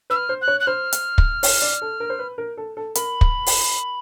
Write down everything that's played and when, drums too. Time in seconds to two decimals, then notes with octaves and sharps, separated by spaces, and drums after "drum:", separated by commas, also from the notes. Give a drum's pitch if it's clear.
0.10 B4 E6
0.16 F6
0.29 C5
0.42 F#6
0.48 C#5
0.60 F#6
0.67 C5 F6
0.92 drum: hi-hat
1.18 drum: kick
1.43 C#5, drum: open hi-hat
1.62 D5
1.82 A4
2.00 A#4
2.10 C5
2.19 B4
2.38 A#4
2.57 A4
2.77 A4
2.95 A#4 B5, drum: hi-hat
3.21 drum: kick
3.46 drum: open hi-hat